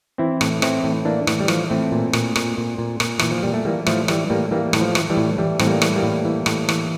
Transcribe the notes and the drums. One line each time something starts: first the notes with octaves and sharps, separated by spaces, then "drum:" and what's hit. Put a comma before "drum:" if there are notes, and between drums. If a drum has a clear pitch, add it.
E3 C4 E4
A2, drum: rim click
E3 C4 E4, drum: rim click
A2
E3 A#3 D4
A2 E3, drum: rim click
G3
E3 F3, drum: rim click
A2 A3 C4
A#2
A#2, drum: rim click
A#2, drum: rim click
A#2
A#2
A#2, drum: rim click
A#2 E3, drum: rim click
F3
A#2 G3
A3
E3 G3 A#3
A2 F3 A3, drum: rim click
E3 G3, drum: rim click
A2 G3 A#3
E3 G3 A#3
A2, drum: rim click
F3
E3, drum: rim click
E3 G3
A2
E3 G3
A2 C4, drum: rim click
G3 A#3
E3, drum: rim click
G3 A#3
A2
E3
A2, drum: rim click
E3, drum: rim click